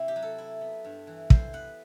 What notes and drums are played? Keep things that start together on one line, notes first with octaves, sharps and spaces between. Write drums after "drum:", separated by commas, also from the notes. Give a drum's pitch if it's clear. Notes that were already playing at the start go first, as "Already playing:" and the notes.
Already playing: C3 C4 E4
G4
F#3
A4
E4
B3
G2
E3
E4 C5, drum: kick
B3 F#5